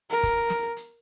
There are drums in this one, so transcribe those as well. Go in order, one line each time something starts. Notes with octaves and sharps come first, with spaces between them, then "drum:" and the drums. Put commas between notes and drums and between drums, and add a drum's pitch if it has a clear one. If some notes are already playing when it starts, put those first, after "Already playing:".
A#4
drum: kick, hi-hat
drum: snare
drum: hi-hat